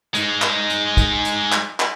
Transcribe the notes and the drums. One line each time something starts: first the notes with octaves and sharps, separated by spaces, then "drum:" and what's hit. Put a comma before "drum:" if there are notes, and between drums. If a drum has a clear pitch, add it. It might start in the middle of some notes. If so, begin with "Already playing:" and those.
G#3 D#4, drum: hi-hat
drum: clap
drum: hi-hat
drum: kick, hi-hat
drum: hi-hat
drum: clap
drum: clap